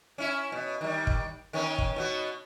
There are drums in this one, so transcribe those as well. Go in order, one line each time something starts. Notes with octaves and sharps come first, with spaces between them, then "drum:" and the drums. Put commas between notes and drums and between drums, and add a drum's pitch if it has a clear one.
C#4 E4
B2
D#3 G3
drum: kick
D#3 B3 C#4
drum: kick
B2 B3 F#4